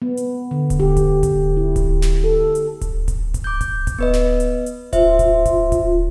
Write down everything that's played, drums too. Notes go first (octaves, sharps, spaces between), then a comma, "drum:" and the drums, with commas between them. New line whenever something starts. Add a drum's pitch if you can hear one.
B3
drum: hi-hat
D3
drum: kick D1, hi-hat
G4
drum: kick D1, hi-hat
drum: kick D1, hi-hat
E4
drum: kick D1, hi-hat
drum: snare
A4
drum: hi-hat
drum: kick D1, hi-hat
drum: kick D1, hi-hat
drum: kick D1, hi-hat
D6 G6
drum: kick D1, hi-hat
drum: kick D1, hi-hat
B3 B4 D#5
drum: snare
drum: hi-hat
drum: hi-hat
F4 C5 E5, drum: kick D1, hi-hat
drum: kick D1, hi-hat
drum: kick D1, hi-hat
drum: kick D1, hi-hat